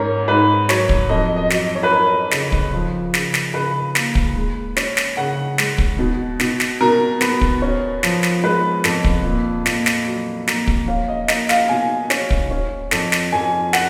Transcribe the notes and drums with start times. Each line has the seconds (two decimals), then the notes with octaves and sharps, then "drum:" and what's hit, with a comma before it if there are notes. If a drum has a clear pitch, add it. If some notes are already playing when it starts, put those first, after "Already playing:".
Already playing: G#2 C#4 A#4
0.28 G#2 B4
0.69 F#3 C#5, drum: snare
0.89 drum: kick
1.09 F2 D#5
1.37 D#5
1.50 F#3, drum: snare
1.75 C#5
1.83 B4
1.91 C#4 A#4
2.31 C#3, drum: snare
2.52 drum: kick
2.73 F3
3.14 C#3, drum: snare
3.34 drum: snare
3.54 C#3 B4
3.95 A#3, drum: snare
4.15 drum: kick
4.36 G#3
4.76 C#4, drum: snare
4.97 drum: snare
5.17 C#3 F#5
5.58 G#3, drum: snare
5.78 drum: kick
5.99 B2
6.40 B2, drum: snare
6.60 drum: snare
6.81 B2 A#4
7.21 B3, drum: snare
7.41 drum: kick
7.62 C#4
8.03 F3, drum: snare
8.23 drum: snare
8.43 G#3 B4
8.84 F2, drum: snare
9.04 drum: kick
9.24 A#2
9.66 A#2, drum: snare
9.86 drum: snare
10.06 F#3
10.47 A#3, drum: snare
10.67 drum: kick
10.88 C#4 F5
11.08 D#5
11.28 A#3 D#5, drum: snare
11.49 F5, drum: snare
11.69 B2 G#5
12.10 C#4, drum: snare
12.30 drum: kick
12.51 C#4
12.91 F2, drum: snare
13.12 drum: snare
13.32 F2 G#5
13.73 F#5, drum: snare